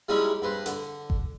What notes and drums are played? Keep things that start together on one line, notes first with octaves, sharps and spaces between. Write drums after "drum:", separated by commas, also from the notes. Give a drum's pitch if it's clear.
G3 G#3 C#4 D#4 E4
G2 B4 C5
D3, drum: hi-hat
drum: kick G1